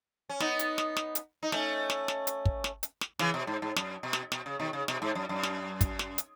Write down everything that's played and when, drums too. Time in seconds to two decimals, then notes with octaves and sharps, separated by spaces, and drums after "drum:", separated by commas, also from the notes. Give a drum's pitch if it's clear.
0.29 C#4
0.40 B3 D#4, drum: snare
0.59 drum: hi-hat
0.78 drum: snare
0.97 drum: snare
1.15 drum: hi-hat
1.43 D#4
1.52 A3 C#4, drum: snare
1.90 drum: snare
2.08 drum: snare
2.27 drum: hi-hat
2.45 drum: kick
2.64 drum: snare
2.83 drum: hi-hat
3.01 drum: snare
3.19 C#3 E3, drum: snare
3.34 B2
3.47 G#2
3.62 G#2
3.76 F#2, drum: snare
4.03 B2
4.13 drum: snare
4.32 B2, drum: snare
4.46 C#3
4.60 B2 D#3
4.73 C#3
4.88 B2, drum: snare
5.02 G#2
5.15 F#2
5.29 F#2
5.43 drum: snare
5.81 drum: kick, hi-hat
5.99 drum: snare
6.18 drum: hi-hat